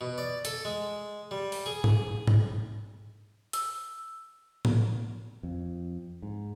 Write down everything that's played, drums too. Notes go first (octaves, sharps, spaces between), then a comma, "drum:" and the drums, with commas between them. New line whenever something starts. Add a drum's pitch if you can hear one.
B2
D5
A4, drum: hi-hat
G#3
G3
drum: open hi-hat
G#4
drum: tom G#2
drum: tom G#2
E6, drum: hi-hat
drum: tom A2
F2
G#2